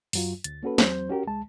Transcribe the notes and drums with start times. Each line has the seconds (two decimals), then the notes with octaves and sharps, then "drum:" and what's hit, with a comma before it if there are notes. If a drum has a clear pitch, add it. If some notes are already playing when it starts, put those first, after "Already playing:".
0.13 F#2 F#3 F4, drum: open hi-hat
0.44 D2 A6, drum: hi-hat
0.63 A#3 C#4 F#4 A4 B4
0.78 E2 F#3 C4 C5 G6, drum: snare
1.09 C#4 F#4 G4 A#4
1.27 C2 G#3 A5